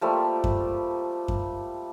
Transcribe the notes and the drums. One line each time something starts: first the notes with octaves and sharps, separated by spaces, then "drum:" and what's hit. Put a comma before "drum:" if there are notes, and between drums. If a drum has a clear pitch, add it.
F3 G3 A3 A#3
drum: kick F#2
drum: kick F#2